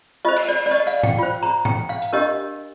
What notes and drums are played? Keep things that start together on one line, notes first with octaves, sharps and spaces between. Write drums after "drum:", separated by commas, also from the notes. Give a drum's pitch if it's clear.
F4 C5 D#5
drum: cymbal
D5
D5
D#5
F5, drum: hi-hat
G5, drum: tom G#2
F4 C5
A#5
G5, drum: tom G#2
F5
drum: hi-hat
D4 G4 A#4 D#5